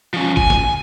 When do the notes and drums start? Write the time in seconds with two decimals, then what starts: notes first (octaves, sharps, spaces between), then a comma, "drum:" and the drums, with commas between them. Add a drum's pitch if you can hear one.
0.14 F3 C#4
0.37 G#5, drum: kick
0.50 drum: snare